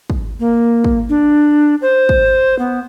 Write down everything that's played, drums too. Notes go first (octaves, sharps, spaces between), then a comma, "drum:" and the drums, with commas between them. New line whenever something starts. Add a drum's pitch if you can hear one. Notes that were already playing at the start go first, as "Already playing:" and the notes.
drum: kick
A#3
drum: kick
D4
C5
drum: kick
B3